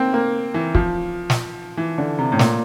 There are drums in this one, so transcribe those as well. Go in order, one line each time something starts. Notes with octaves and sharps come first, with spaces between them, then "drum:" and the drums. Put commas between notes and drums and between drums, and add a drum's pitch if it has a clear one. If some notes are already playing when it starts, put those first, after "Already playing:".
Already playing: A#3 C4
A#3
E3
F3, drum: kick
drum: snare
E3
D3
C3
A2
A#2, drum: snare